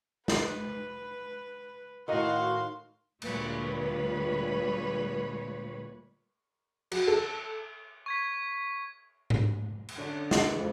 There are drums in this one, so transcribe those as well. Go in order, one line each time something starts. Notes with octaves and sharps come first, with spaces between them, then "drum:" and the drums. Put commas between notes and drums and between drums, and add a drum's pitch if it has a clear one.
B4, drum: snare
A2 D#3 D#4 F#4 D#5 F5 C6
D2 A#2 G3 G#3 B4 C#5, drum: cymbal
F#3, drum: cymbal
A4
C#6 G#6 B6
drum: tom G#2
drum: cymbal
D3 C#4
G#4 F#5, drum: snare
C#3 E3
F2